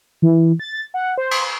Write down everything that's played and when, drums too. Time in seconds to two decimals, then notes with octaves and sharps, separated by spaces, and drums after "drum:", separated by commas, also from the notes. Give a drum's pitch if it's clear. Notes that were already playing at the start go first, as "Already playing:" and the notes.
0.22 E3
0.60 A6
0.94 F#5
1.18 C5
1.31 drum: cymbal